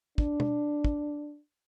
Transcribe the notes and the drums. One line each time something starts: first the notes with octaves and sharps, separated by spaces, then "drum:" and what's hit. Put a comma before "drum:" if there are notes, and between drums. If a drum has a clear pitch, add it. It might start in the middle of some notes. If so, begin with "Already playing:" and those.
D4, drum: kick
drum: tom
drum: kick